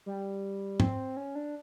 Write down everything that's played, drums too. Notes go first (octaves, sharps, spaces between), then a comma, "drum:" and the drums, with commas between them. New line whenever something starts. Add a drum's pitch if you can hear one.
G3
C4, drum: tom G#2
C#4
D4